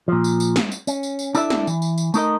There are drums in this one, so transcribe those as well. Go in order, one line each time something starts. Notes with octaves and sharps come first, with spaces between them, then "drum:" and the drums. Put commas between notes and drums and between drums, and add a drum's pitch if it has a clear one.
A#2 F3
drum: tambourine
drum: tambourine
drum: snare
drum: tambourine
C#4, drum: tambourine
drum: tambourine
drum: tambourine
D4 E4 A4 D5 E5, drum: tambourine
drum: snare
E3, drum: tambourine
drum: tambourine
drum: tambourine
A3 D#4 A#4 D#5, drum: tambourine